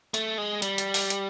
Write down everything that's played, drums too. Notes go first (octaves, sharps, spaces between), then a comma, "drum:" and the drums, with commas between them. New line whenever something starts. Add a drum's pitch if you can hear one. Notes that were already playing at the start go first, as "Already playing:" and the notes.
A3, drum: hi-hat
G#3
G3, drum: hi-hat
drum: hi-hat
drum: open hi-hat
drum: hi-hat